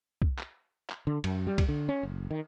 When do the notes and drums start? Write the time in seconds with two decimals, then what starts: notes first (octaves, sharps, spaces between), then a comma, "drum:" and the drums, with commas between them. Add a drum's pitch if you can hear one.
0.22 drum: kick
0.39 drum: clap
0.90 drum: clap
1.07 D3
1.24 F#2, drum: cymbal
1.47 G3
1.58 drum: kick, cymbal
1.68 D3
1.89 C#4
2.03 F#1
2.31 D#3